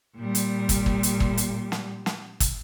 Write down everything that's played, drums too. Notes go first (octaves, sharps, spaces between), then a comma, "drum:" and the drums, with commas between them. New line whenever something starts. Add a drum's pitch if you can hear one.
A#2 G3
drum: hi-hat
drum: kick, hi-hat
drum: kick
drum: hi-hat
drum: kick
drum: hi-hat
drum: snare
drum: snare
drum: kick, hi-hat